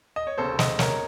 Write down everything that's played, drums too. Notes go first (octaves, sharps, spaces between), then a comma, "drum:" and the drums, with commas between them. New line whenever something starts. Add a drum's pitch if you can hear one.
D#5
C#5
F1 D#2 C#3 A4 C5
C5 D#5, drum: snare
A#4 C#5, drum: snare